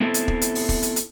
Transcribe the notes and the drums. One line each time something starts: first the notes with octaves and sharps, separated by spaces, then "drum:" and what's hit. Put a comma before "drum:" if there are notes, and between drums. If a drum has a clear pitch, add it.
B3 C4 E4 A4 E5
drum: hi-hat
drum: kick
drum: hi-hat
drum: open hi-hat
drum: kick, open hi-hat
drum: hi-hat
drum: hi-hat